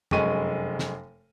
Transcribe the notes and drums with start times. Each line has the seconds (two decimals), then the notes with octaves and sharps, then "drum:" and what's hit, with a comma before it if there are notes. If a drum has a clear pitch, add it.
0.11 F1 F#2 G#3 C#6 D#7, drum: tom
0.79 drum: snare